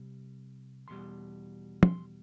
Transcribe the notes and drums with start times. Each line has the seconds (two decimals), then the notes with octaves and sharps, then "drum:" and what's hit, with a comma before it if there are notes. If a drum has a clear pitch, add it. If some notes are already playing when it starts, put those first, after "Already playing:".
Already playing: C2 C3 G3
0.88 E2 B2 G3 C6
1.83 C6, drum: tom